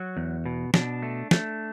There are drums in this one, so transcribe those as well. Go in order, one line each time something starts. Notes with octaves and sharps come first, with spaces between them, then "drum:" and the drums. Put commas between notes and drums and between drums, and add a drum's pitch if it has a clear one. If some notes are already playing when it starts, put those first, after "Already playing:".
Already playing: F#3 F#4
E2
B2
B2 D4, drum: snare
A3
A3, drum: snare